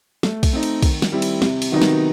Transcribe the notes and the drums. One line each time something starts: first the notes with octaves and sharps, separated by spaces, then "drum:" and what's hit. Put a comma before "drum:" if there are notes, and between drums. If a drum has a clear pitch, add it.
A3, drum: snare
drum: kick, cymbal
C4 D#4
drum: cymbal
D#3, drum: kick, cymbal
drum: snare
G3 C4 E4
drum: cymbal
C3, drum: snare
drum: cymbal
D#3 F#3 B3 D#4
drum: snare